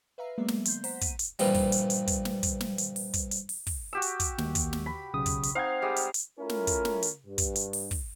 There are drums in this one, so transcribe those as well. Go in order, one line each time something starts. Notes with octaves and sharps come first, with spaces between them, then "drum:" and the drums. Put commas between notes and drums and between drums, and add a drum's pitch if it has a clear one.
B4 E5 F5 A#5 C7
F#3 G#3 A#3 B3 D5 E5
drum: snare
C6 G6, drum: hi-hat
C5 F#5 A#5 B6, drum: open hi-hat
D#7, drum: kick, hi-hat
drum: hi-hat
G2 A#2 E3 F3 G3, drum: open hi-hat
drum: kick, open hi-hat
drum: hi-hat
drum: hi-hat
drum: kick, hi-hat
drum: snare
drum: kick, hi-hat
drum: snare
drum: hi-hat
drum: open hi-hat
drum: kick, hi-hat
drum: hi-hat
drum: open hi-hat
drum: kick, open hi-hat
F#4 G4 E6
drum: hi-hat
drum: kick, hi-hat
D#2, drum: snare
drum: kick, hi-hat
drum: snare
B5
B1 C#3 D#6
drum: kick, hi-hat
drum: hi-hat
C4 D#4 C5 F5 F#5 G#6
G3 G#3 G4
drum: hi-hat
drum: hi-hat
A3 C#4 E4 F4 A#4
drum: snare
drum: kick, hi-hat
drum: snare
drum: hi-hat
G2
drum: kick, hi-hat
drum: hi-hat
drum: open hi-hat
drum: kick, open hi-hat